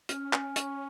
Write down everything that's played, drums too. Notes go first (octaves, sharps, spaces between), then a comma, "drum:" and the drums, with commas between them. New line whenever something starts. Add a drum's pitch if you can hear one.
C#4 F6, drum: hi-hat
G#5, drum: clap
C#6, drum: hi-hat